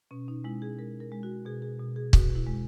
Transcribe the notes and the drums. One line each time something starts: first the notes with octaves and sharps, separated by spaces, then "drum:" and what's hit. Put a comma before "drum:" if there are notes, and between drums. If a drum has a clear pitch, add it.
B2 C#4
D#4
G#3 E4
G#4
G#3 A#4
A#4
G#3
F#4
B2 G#4
G#4
B2
G#4
B2 F#4, drum: kick
E4
G#3